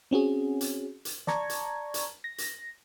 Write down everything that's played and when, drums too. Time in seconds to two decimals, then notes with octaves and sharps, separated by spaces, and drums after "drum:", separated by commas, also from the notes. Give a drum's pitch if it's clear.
0.11 C4 C#4 F#4 G#4
0.61 drum: hi-hat
1.05 drum: hi-hat
1.27 D5 A5 A#5 C#6 G#6, drum: snare
1.49 drum: hi-hat
1.94 drum: hi-hat
2.24 A#6
2.38 drum: hi-hat